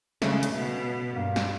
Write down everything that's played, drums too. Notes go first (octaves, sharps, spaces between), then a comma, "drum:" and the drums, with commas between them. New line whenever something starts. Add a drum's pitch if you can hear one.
C#3 A3, drum: snare
G#3
A3, drum: hi-hat
B2
G2 A#3
drum: snare